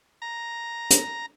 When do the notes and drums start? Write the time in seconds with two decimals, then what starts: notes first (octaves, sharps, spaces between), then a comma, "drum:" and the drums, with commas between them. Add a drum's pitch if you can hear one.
0.22 A#5
0.90 drum: hi-hat